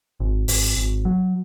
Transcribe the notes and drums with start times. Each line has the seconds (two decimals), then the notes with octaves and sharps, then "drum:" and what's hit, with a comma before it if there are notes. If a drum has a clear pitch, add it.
0.20 G#1
0.48 G#1, drum: open hi-hat
0.77 G#1
1.05 F#3